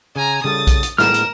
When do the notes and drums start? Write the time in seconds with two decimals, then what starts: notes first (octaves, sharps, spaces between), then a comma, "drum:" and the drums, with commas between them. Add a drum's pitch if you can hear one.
0.16 C#3 G#5 A#5
0.44 C#3 G3 A4 D#6 A6
0.67 drum: kick, hi-hat
0.83 drum: hi-hat
0.98 A2 G#3 B3 A#4 F6 E7, drum: snare
1.14 drum: hi-hat